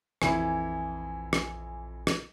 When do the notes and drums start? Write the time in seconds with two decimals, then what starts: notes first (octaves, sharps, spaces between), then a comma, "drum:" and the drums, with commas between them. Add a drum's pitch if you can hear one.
0.22 A#1 F2 E3 G#5 B5, drum: rim click
1.33 drum: rim click
2.07 drum: rim click